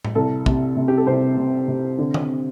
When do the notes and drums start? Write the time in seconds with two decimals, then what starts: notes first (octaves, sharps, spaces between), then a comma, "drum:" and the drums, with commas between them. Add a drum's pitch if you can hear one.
0.05 drum: tom A2
0.15 C2 A4
0.46 C3, drum: kick
0.77 C3
0.88 G4
0.97 A4
1.07 C2 C5
1.37 C3
1.68 C3
1.98 D3
2.14 drum: tom D#3